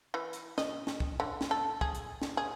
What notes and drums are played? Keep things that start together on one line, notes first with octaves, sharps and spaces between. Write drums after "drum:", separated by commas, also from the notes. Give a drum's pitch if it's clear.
E3
drum: hi-hat
D#5, drum: snare
drum: snare
drum: kick
D3
drum: snare
A4
G#4, drum: kick
drum: hi-hat
drum: snare
G#4